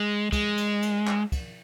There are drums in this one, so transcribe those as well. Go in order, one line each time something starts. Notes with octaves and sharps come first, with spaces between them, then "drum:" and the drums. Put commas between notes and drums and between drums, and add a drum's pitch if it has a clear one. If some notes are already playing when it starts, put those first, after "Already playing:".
Already playing: G#3
G#3, drum: kick, cymbal
drum: cymbal
drum: cymbal
drum: clap
drum: kick, cymbal